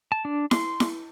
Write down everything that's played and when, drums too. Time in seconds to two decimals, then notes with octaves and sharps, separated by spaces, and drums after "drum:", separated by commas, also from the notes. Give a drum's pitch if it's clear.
0.12 A5
0.25 D4
0.51 C6, drum: snare E4
0.80 drum: snare E4